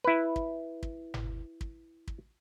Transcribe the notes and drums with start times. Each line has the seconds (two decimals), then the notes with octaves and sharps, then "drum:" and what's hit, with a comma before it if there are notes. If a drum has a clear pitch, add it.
0.04 E4 B4
0.36 drum: kick
0.83 drum: kick
1.14 drum: tom G1
1.61 drum: kick
2.08 drum: kick